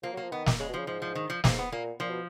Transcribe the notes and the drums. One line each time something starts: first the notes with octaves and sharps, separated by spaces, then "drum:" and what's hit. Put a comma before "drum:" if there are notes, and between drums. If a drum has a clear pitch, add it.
F3 A#3
F#3
A#3
F3
D#3 B3
A#3, drum: snare
C#3 G#3
B2
C#3 F3
G#2 F3
F3
D#3
F3
G#2 A#3, drum: snare
B3
A#2 A#3
A#2 F3
B2